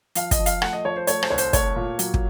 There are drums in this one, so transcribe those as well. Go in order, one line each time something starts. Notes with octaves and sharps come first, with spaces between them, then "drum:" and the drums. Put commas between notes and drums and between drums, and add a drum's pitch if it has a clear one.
F3 F5, drum: hi-hat
D#5, drum: kick, hi-hat
F3
F5, drum: hi-hat
A3 F#5, drum: rim click
D#5
F3 C#5
C5
A3 C#5, drum: hi-hat
C5, drum: rim click
C2 C#5
C5, drum: hi-hat
A3 C#5, drum: kick, hi-hat
A#2
F#3, drum: hi-hat
drum: kick